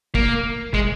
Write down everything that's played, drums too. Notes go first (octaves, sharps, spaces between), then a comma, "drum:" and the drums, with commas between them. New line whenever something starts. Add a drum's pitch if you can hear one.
A#3, drum: kick
G#3, drum: kick